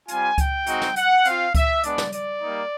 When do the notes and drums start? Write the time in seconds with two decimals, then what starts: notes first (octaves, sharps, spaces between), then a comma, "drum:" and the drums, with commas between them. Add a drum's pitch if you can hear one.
0.08 G3 C4 F4 G#5, drum: hi-hat
0.38 G5, drum: kick C#2, hi-hat
0.67 G#3 C4 D#4 F#4, drum: hi-hat
0.82 drum: snare
0.96 F#5, drum: hi-hat
1.25 C4 F4 F5, drum: hi-hat
1.55 E5, drum: kick C#2, hi-hat
1.83 G#3 B3 D4 D5, drum: hi-hat
1.98 drum: snare
2.12 D5, drum: hi-hat
2.42 G3 A#3 D#4